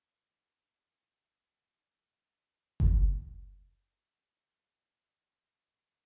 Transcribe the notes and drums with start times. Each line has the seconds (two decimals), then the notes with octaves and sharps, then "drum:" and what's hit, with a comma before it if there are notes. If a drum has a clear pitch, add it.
0.22 F#2 G3 G#3 C#4 G#4 C5 E5
2.22 G#3 A#3
2.80 drum: kick F#1
4.49 C4
4.71 D4
4.84 A4
4.96 G3
5.12 G4
5.32 D4
5.49 C#5
5.77 D5